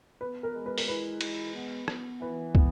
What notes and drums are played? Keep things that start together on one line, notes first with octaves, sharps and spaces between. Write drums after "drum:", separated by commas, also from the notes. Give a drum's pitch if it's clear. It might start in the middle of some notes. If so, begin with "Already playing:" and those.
B3 B4
A#4
G#3
B4
A#4, drum: open hi-hat
E4 B4
G#3, drum: cymbal
B3
B3, drum: rim click
E3 B4
B3, drum: kick